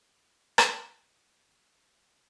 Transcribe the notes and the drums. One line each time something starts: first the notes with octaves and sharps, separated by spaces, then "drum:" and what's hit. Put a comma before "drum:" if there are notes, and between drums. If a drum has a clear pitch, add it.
F#2 D3 F#3 F#5 A5
drum: rim click
F#2 D3 F#3 A3 E5 G#5